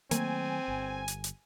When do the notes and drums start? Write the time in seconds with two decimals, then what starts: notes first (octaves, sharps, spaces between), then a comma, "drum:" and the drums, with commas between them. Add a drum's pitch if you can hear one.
0.11 D#3 F#3 A3 A#3 C4 G#5, drum: hi-hat
0.68 G1
1.08 drum: hi-hat
1.24 drum: hi-hat